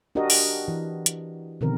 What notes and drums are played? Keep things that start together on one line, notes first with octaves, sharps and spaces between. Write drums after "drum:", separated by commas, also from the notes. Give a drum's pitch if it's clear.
D4 F#4 G4 A#4 D#5
drum: open hi-hat
E3
drum: hi-hat
B2 D3 D#3 F3 C4 A#4